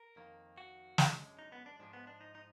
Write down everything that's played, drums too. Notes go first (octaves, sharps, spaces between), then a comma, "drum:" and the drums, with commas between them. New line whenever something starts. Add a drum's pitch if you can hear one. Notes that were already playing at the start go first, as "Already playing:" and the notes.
Already playing: A#4
F2 D#3 A#3
F#4
F#2 D3 G#3, drum: snare
D#4
B3
D4
G#2 F3 G#3 D4
B3
D4
D#4
D#4